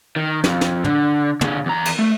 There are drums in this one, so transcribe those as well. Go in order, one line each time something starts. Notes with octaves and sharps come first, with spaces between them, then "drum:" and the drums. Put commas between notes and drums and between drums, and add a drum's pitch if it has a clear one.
D#3
F2, drum: snare
drum: snare
D3, drum: tom
D3 G#4, drum: tom
E2 A#5
drum: cymbal
A3